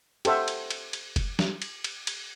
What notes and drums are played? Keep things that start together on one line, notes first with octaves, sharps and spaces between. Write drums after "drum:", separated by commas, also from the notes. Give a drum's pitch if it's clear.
G4 A4 C5 E5 F#5, drum: cymbal
drum: cymbal
drum: cymbal
drum: cymbal
drum: kick F#1, cymbal
drum: snare
drum: cymbal
drum: cymbal
drum: cymbal